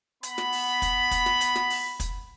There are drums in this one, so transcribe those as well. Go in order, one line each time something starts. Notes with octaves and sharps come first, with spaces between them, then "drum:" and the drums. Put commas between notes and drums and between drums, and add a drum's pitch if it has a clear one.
B3 B5, drum: hi-hat
drum: snare
drum: open hi-hat
drum: kick, hi-hat
drum: kick, hi-hat
drum: snare
drum: hi-hat
drum: snare
drum: open hi-hat
drum: kick, hi-hat